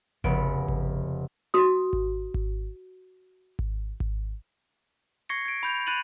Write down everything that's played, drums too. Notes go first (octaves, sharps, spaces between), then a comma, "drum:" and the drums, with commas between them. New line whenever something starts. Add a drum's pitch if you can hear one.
F1 C#3 B3 D7, drum: kick G#1
drum: kick G#1
F#4 D#6
drum: kick G#1
drum: kick G#1
drum: kick G#1
drum: kick G#1
C#6 G#6 A#6 C7 C#7
G#6 D7
B5 G6 F7
B5 F#6 A6 D#7 F#7